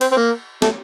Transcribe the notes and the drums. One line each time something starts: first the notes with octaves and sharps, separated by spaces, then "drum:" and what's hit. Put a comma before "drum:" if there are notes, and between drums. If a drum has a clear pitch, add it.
C4, drum: cymbal
C4
A#3
A3, drum: snare